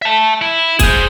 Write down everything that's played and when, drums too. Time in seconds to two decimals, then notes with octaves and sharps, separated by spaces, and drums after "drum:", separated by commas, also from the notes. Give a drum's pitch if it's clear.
0.02 E5 A5
0.41 E4
0.79 G#4 C5, drum: kick, hi-hat